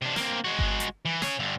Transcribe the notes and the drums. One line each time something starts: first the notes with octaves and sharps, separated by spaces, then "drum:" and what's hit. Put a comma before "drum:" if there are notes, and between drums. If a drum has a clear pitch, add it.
C3 D4
A#3 C4, drum: snare
G#3 F#4
drum: kick G1
drum: hi-hat
E3
G#4 C#5, drum: snare
G2 D3